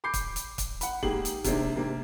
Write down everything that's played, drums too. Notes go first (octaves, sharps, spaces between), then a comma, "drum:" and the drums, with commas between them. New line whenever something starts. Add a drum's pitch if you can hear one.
B5 D6 G6 C7
drum: kick, hi-hat
drum: hi-hat
drum: kick, hi-hat
F#5 B5, drum: hi-hat
G#2 A#3 G4 G#4 F#7, drum: kick
drum: hi-hat
C3 D#3 G#3 A#3 C4 D4, drum: kick, hi-hat
G#2 C3 A#3